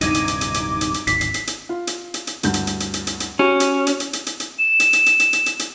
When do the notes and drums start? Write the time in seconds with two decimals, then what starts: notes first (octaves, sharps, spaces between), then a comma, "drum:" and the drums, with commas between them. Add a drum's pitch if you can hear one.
0.01 D1 G2 C3 D#4 D6 G#6 D#7, drum: hi-hat
0.14 drum: hi-hat
0.28 drum: hi-hat
0.41 drum: hi-hat
0.54 drum: hi-hat
0.81 drum: hi-hat
0.94 drum: hi-hat
1.07 D1 G#1 B6 C7, drum: hi-hat
1.21 drum: hi-hat
1.34 drum: hi-hat
1.47 drum: hi-hat
1.69 F4
1.87 drum: hi-hat
2.14 drum: hi-hat
2.27 drum: hi-hat
2.43 D2 G2 G6, drum: hi-hat
2.54 drum: hi-hat
2.67 drum: hi-hat
2.80 drum: hi-hat
2.94 drum: hi-hat
3.07 drum: hi-hat
3.20 drum: hi-hat
3.39 C#4 F#4 G4
3.60 drum: hi-hat
3.87 drum: hi-hat
4.00 drum: hi-hat
4.13 drum: hi-hat
4.26 drum: hi-hat
4.40 drum: hi-hat
4.59 E7
4.80 drum: hi-hat
4.93 drum: hi-hat
5.06 drum: hi-hat
5.20 drum: hi-hat
5.33 drum: hi-hat
5.46 drum: hi-hat
5.59 drum: hi-hat